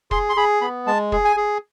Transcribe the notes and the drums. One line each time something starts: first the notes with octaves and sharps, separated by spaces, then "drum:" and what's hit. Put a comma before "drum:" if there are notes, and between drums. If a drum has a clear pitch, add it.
G#4 C6, drum: kick
C6
G#4 B5
B3 B5
G#3 A5
G#4, drum: kick
G#5
G#4